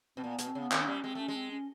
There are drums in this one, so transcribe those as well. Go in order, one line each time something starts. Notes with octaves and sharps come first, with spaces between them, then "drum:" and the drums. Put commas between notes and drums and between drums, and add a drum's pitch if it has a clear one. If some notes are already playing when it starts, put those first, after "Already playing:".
B2 C4
A#2 B3
B2, drum: hi-hat
C4
C#3
B3
D#3 C4, drum: clap
D4
G3 C#4
G#3 C4
A3 C#4
G#3
C4
C#4